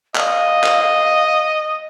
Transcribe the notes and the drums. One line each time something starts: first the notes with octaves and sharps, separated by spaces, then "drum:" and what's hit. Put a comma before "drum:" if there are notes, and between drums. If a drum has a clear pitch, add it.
D#5 F5, drum: clap
drum: clap